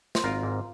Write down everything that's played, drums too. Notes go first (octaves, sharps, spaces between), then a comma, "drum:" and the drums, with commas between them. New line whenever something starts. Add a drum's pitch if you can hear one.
C5, drum: snare
G#1 F4 A#4
G#2